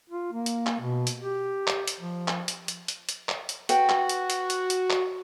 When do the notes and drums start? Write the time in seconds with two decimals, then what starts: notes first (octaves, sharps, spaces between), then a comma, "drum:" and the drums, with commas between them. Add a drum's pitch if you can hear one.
0.10 F4
0.32 A#3
0.46 drum: hi-hat
0.66 drum: clap
0.80 B2
1.07 drum: hi-hat
1.20 G4
1.67 drum: clap
1.88 drum: hi-hat
2.00 F3
2.28 drum: clap
2.48 drum: hi-hat
2.68 drum: hi-hat
2.88 drum: hi-hat
3.09 drum: hi-hat
3.29 drum: clap
3.49 drum: hi-hat
3.69 F#4 B4 G5, drum: hi-hat
3.89 drum: clap
4.09 drum: hi-hat
4.30 drum: hi-hat
4.50 drum: hi-hat
4.70 drum: hi-hat
4.90 drum: clap